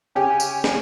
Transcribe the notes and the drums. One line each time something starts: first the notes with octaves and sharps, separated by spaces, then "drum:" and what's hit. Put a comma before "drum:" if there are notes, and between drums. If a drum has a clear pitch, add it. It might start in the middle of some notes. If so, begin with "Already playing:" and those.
C#3 C#4 G4 G#5
drum: tambourine
drum: snare